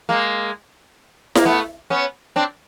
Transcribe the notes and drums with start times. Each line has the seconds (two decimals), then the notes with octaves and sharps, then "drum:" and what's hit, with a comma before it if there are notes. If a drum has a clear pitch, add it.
0.09 G#3 A#3
1.35 A#3, drum: snare E4
1.45 A3 B3
1.90 B3 C#4
2.36 C4 D4